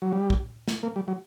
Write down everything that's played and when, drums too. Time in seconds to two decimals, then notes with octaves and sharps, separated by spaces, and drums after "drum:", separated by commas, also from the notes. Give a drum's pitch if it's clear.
0.02 F#3
0.13 G3
0.30 drum: kick
0.68 drum: snare
0.83 A#3
0.96 G3
1.08 F#3